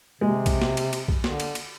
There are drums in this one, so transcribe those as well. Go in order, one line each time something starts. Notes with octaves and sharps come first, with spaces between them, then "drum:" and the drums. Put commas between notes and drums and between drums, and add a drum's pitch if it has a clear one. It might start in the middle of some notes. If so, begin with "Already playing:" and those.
C3 G#3
drum: kick B1, cymbal
drum: snare
drum: cymbal
drum: cymbal
drum: kick B1
D3, drum: snare
drum: cymbal
drum: cymbal